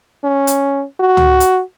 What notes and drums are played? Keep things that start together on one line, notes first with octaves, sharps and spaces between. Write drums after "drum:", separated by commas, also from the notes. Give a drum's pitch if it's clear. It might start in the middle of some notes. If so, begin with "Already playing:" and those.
C#4
drum: hi-hat
F#4
drum: tom C#2
drum: hi-hat